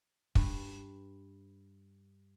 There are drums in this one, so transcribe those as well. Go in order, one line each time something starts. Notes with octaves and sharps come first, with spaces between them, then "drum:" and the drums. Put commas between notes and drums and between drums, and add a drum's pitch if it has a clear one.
G2 B4, drum: kick